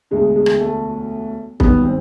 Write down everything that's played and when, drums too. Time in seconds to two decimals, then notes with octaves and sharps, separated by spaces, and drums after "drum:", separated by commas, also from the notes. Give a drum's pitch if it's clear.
0.11 E1 D2 D3 G#3
0.36 G#3
0.46 drum: rim click
0.61 A3
1.60 G#1 G2 D#3 F#3 B3, drum: kick
1.85 C4